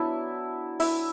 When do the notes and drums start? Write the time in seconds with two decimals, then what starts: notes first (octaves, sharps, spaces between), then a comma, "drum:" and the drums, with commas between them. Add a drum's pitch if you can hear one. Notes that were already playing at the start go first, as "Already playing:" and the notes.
Already playing: F#3 B3 D4 E4 E5
0.80 E4 E5, drum: open hi-hat